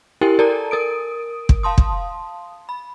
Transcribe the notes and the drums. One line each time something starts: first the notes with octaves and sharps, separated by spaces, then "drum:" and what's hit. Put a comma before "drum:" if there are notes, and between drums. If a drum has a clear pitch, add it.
E4 G4 A#4 G5 G#5 C6
A4 A#4 D5 A5 A#5
A#4 D#6 D7
drum: kick
F5 A5 C6 D#6
drum: kick
B5